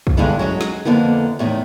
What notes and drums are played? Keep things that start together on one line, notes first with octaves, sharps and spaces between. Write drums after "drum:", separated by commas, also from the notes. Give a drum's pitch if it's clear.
drum: kick
E2 G2 D3 G#3 E4
F#3 G#3 C4 C#4
drum: snare
F2 D3 A#3 B3 E4
E2 A2 D#3